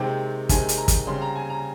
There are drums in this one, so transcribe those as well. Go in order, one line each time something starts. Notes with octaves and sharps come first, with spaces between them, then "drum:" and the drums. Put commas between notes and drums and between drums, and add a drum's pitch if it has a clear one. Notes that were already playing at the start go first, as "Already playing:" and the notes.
Already playing: C3 D#3 G#3 C4 G5
C3 D#3 G#3 C4 G#5, drum: kick, hi-hat
drum: hi-hat
A#5
drum: kick, hi-hat
C#3 G3 C4 C6
A#5
G#5
A#5